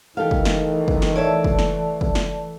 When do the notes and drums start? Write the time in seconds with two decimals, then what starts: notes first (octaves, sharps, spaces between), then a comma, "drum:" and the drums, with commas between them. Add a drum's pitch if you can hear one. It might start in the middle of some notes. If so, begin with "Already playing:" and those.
0.17 D#3 E3 A3 G4 A4 F5
0.31 drum: kick
0.45 drum: snare
0.88 drum: kick
1.02 drum: snare
1.16 C#5 D5 E5 A5
1.44 drum: kick
1.59 drum: snare
2.01 drum: kick
2.15 drum: snare